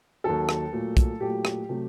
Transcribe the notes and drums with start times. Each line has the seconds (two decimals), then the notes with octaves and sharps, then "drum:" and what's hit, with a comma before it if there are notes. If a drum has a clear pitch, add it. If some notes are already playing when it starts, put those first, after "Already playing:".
0.24 D#2 D#3 F#3 A4
0.49 drum: rim click
0.73 A#2 F#3 A3
0.97 drum: kick, hi-hat
1.20 A#2 F#3 A3 G4
1.45 drum: rim click
1.69 C3 F#3 A3